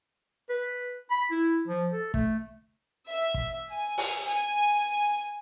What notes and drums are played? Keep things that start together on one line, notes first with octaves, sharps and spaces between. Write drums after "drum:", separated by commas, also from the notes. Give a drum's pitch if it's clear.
B4
B5
E4
F3
A4
A3, drum: kick
E5
drum: kick
G#5
drum: open hi-hat
G#5